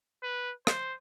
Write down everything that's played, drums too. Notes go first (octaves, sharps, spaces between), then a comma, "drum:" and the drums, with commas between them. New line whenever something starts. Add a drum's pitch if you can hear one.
B4
C5, drum: rim click